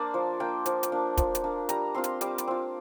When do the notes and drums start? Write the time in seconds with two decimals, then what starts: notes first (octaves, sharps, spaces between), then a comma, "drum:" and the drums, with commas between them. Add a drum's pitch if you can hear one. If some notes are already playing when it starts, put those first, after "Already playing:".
Already playing: A#3 D4 C5 D5
0.14 F3
0.40 A#3 D4 G5
0.66 F3, drum: hi-hat
0.83 drum: hi-hat
0.92 A#3 D4
1.17 F3, drum: kick, hi-hat
1.35 drum: hi-hat
1.44 A#3 D4
1.69 G3 A#5, drum: hi-hat
1.95 C4 F4 C6
2.04 drum: hi-hat
2.21 G3 D6, drum: hi-hat
2.38 drum: hi-hat
2.47 C4 F4